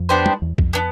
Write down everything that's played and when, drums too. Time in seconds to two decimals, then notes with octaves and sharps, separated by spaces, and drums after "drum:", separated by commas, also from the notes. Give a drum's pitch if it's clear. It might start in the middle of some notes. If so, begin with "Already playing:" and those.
Already playing: F2
0.09 B3 D4 G4 C5
0.26 drum: tom
0.42 E2
0.58 F2, drum: kick
0.73 B3 D4